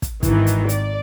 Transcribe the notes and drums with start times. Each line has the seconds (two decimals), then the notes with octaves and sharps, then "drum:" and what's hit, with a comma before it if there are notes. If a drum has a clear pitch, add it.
0.02 drum: kick, hi-hat
0.23 G#1 D#3 E3, drum: kick, hi-hat
0.47 drum: hi-hat
0.69 D5, drum: hi-hat